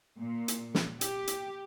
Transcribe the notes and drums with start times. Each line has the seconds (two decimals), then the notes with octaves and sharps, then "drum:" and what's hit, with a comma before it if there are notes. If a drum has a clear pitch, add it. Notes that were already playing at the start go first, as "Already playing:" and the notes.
0.17 A#2
0.48 drum: hi-hat
0.75 drum: snare
1.01 G4, drum: hi-hat
1.27 drum: hi-hat